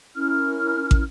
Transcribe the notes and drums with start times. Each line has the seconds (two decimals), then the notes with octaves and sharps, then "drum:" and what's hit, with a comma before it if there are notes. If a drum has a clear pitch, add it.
0.16 C#4 E4 A#4 F6
0.91 drum: kick